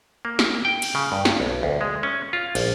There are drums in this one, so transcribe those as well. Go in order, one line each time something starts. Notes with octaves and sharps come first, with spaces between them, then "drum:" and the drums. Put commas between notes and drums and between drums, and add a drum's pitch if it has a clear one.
A#3
drum: snare
G5
drum: cymbal
C#3
G2
drum: snare
B1
D2
G#3
C#4
F4
A#1, drum: cymbal